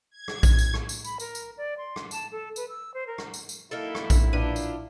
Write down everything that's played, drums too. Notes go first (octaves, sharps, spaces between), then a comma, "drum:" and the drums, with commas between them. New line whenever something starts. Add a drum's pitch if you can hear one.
G#6
drum: rim click
drum: kick A#1, tambourine
drum: tambourine
drum: rim click
drum: tambourine
B5, drum: tambourine
A#4, drum: tambourine
drum: tambourine
D5
C6
drum: rim click
A5, drum: tambourine
A4
B4, drum: tambourine
E6
C5
A#4
drum: rim click
drum: tambourine
drum: tambourine
D#3 F#3 A#3 D#4 E4 A4
drum: rim click
drum: kick A#1, tambourine
A#1 D4 F4 B4 D#7
drum: tambourine